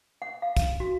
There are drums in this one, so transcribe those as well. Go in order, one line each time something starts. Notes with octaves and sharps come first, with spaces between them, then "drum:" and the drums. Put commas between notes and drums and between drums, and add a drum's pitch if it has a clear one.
F#5
F5
drum: kick, hi-hat
F#4